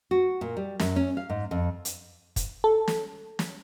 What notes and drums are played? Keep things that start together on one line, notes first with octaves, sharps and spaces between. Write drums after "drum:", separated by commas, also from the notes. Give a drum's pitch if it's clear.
F#4
A#2
G3
F#2, drum: snare
C#4
F5
G#2
F2
drum: hi-hat
drum: kick, hi-hat
A4
drum: snare
drum: snare